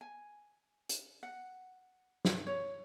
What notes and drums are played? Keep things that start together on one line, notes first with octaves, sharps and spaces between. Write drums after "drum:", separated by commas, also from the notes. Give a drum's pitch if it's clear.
G#5
drum: hi-hat
F#5
drum: snare
C#5